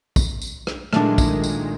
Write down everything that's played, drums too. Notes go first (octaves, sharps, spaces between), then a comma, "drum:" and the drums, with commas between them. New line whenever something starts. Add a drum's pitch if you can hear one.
drum: kick, tambourine
drum: tambourine
drum: rim click
A#2 D#3 G#3 A3 D4, drum: rim click
drum: kick, tambourine
drum: tambourine